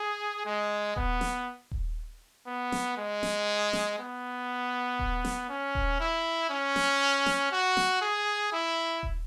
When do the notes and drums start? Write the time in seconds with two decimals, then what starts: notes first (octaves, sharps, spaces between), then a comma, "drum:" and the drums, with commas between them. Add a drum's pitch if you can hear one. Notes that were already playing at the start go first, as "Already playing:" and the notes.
Already playing: G#4
0.46 G#3
0.96 B3, drum: kick D#1
1.21 drum: snare
1.71 drum: kick D#1
2.47 B3
2.72 drum: snare
2.98 G#3
3.23 drum: snare
3.73 drum: snare
3.99 B3
4.99 drum: kick D#1
5.25 drum: snare
5.49 C#4
5.75 drum: kick D#1
6.00 E4
6.50 C#4
6.76 drum: snare
7.26 drum: snare
7.52 F#4
7.77 drum: snare
8.01 G#4
8.53 E4
9.03 drum: kick D#1